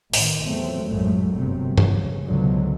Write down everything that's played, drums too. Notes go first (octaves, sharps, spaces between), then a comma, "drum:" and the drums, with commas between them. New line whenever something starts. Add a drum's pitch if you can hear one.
A1 D#3, drum: open hi-hat
E2 F3 F#3 A3 C4
A#1 F#2 A2 F#3 G#3 A3
G1 F#2 C3 F#3 G3
C#3, drum: tom G2
C#2 B2 D3 F3 F#3 G#3